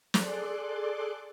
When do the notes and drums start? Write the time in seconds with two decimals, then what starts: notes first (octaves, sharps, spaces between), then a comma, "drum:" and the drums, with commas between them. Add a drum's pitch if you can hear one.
0.14 G#4 A4 D5 C6 D6 F#6, drum: snare